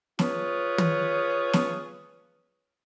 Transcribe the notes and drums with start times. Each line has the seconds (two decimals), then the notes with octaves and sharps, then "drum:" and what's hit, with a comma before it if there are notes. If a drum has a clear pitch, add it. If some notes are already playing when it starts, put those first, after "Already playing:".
0.19 F4 G#4 B4 C#5, drum: snare
0.78 drum: tom
1.53 drum: snare